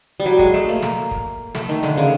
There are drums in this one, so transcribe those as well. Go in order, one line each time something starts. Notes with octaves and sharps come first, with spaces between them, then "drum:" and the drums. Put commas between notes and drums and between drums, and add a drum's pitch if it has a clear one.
G3
F#3
G#3, drum: kick
A3
A#3
drum: snare
drum: kick
A3, drum: snare
D#3
D3, drum: snare
C#3